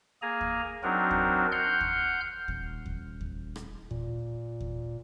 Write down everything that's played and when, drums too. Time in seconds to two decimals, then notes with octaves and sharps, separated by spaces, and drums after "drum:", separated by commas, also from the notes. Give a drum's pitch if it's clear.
0.22 A#3 G#4 G#5 A#5
0.41 drum: kick D#2
0.83 F#3 C4 D4 D#4 F#4 A#4
1.11 drum: kick D#2
1.52 F#5 C6 F6 G6
1.81 drum: kick D#2
2.48 D#1, drum: kick D#2
2.86 drum: kick D#2
3.21 drum: kick D#2
3.56 drum: rim click
3.91 A#2, drum: kick D#2
4.61 drum: kick D#2